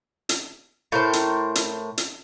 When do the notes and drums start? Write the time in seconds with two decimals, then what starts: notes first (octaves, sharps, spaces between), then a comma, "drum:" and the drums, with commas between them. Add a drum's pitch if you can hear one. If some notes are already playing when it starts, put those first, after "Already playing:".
0.29 drum: hi-hat
0.92 A2 A#4 C5
1.13 drum: hi-hat
1.55 drum: hi-hat
1.98 drum: hi-hat